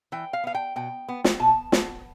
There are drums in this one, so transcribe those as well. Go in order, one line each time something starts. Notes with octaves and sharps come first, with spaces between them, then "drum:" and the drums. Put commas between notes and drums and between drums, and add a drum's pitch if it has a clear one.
E3 G5
F5
B3 F5
G5
B2 G5
B3
drum: snare
B2 A5
B3, drum: snare